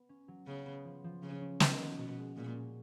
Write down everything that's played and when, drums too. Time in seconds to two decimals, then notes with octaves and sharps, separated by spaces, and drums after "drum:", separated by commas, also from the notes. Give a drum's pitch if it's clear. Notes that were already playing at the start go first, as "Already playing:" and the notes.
Already playing: B3
0.09 C#4
0.28 F#3
0.47 C#3 B3
0.66 B3
0.85 F3
1.04 F3
1.22 C#3 C#4
1.41 C#4
1.60 D#3 A#3, drum: snare
1.79 F#4
1.98 B2 F#4
2.18 G#3
2.36 A#2 G#3
2.54 C#4